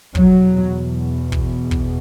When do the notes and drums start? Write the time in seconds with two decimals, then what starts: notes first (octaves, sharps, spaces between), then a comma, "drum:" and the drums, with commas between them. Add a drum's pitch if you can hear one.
0.15 E2 B2 F#3, drum: kick
1.32 drum: kick
1.71 drum: kick